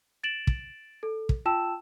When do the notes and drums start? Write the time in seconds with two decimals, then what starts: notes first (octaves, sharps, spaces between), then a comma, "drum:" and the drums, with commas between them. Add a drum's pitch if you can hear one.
0.23 A6 D7 E7 F#7
0.47 drum: kick
1.03 A4
1.29 drum: kick
1.46 F4 G5 A5 E6 E7